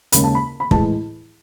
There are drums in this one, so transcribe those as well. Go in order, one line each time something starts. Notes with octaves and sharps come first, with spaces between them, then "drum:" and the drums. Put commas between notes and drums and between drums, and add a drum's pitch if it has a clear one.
D#2 C#3 G#3 B5, drum: hi-hat
A5
B5
B5
A2 E3 G#3 A5, drum: kick